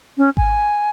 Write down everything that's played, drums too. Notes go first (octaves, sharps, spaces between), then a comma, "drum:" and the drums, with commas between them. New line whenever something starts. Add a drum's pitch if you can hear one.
C#4
G#5, drum: kick G#1